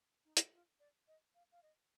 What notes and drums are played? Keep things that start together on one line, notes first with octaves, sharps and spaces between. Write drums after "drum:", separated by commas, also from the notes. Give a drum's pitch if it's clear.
D#4
drum: hi-hat
F4
D5
D#5
F5
F5
D#5